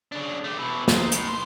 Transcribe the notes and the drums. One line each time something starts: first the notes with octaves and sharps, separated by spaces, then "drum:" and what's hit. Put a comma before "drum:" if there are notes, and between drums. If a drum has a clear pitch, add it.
C#3 D4
A3 G4
B2 E4
D#4 C5, drum: snare
A2, drum: hi-hat
B1 C6